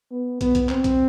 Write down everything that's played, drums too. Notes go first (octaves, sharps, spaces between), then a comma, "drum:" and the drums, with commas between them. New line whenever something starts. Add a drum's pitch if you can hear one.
B3
B3, drum: kick, hi-hat
drum: kick, hi-hat
C4, drum: clap
drum: kick, hi-hat